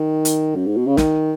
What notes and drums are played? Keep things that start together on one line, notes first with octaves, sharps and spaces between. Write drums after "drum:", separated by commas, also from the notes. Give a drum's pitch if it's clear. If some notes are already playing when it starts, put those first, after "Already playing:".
Already playing: D#3
drum: hi-hat
F#2
G#2
B2
C#3
D#3, drum: snare